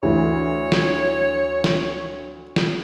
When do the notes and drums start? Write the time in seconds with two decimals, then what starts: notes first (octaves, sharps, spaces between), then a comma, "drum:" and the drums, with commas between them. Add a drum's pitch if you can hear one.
0.03 D2 E3 C#5
0.72 drum: snare
1.64 drum: snare
2.56 drum: snare